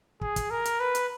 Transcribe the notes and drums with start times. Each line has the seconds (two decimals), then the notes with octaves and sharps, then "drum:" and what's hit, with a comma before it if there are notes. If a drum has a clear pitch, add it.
0.21 G#4, drum: kick
0.36 drum: kick, hi-hat
0.51 A#4
0.65 drum: hi-hat
0.80 B4
0.95 drum: hi-hat